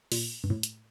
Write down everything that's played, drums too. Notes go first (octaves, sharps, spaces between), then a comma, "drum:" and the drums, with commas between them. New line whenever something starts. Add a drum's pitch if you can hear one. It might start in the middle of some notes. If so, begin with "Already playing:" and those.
A#2, drum: open hi-hat
G2
A2
drum: hi-hat